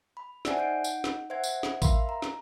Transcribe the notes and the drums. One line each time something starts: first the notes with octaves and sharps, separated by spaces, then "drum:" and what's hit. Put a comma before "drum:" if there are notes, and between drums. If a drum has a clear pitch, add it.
B5
C5 D5 E5 F#5 G#5 A5, drum: snare
D#4 F#5 G6 D7
drum: tambourine
drum: snare
C5 E5 F#5 G#6
drum: tambourine
drum: snare
A#4 E5 F5 B5 C6, drum: kick A1, tambourine
A#5
drum: snare